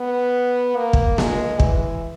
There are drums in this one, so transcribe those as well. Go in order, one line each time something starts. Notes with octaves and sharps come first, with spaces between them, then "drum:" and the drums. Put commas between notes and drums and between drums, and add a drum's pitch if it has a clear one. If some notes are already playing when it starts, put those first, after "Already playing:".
Already playing: B3
A#3
drum: kick
G#3, drum: snare A#3
E3, drum: kick